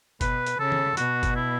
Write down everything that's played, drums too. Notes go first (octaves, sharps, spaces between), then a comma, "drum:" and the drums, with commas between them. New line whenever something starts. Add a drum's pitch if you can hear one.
B2 B4, drum: kick F#1, hi-hat
drum: hi-hat
C#3 A4
drum: tom
B2 F#4, drum: hi-hat
drum: kick F#1, hi-hat
E4